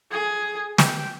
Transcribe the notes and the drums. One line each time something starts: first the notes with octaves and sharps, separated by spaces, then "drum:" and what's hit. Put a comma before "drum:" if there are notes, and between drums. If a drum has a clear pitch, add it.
G#4
G4, drum: snare